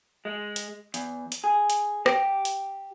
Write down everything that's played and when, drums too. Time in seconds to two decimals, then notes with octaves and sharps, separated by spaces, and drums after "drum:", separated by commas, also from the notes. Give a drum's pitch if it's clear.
0.25 G#3
0.56 drum: hi-hat
0.94 E2, drum: hi-hat
1.32 drum: hi-hat
1.44 G#4
1.70 drum: hi-hat
2.06 G4, drum: rim click
2.45 drum: hi-hat